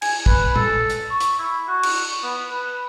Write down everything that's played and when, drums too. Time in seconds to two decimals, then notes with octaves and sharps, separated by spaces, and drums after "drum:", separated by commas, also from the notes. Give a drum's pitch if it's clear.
0.02 G#5, drum: cymbal
0.26 B4, drum: kick
0.56 A4, drum: tom A#2
0.90 drum: hi-hat
1.11 C#6
1.20 drum: hi-hat
1.39 E4
1.68 F#4
1.83 drum: cymbal
2.23 B3
2.49 B4